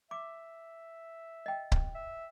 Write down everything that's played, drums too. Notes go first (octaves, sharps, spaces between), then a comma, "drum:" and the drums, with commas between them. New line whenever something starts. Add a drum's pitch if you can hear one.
E5 D6
D#5 G5
drum: kick C#1
E5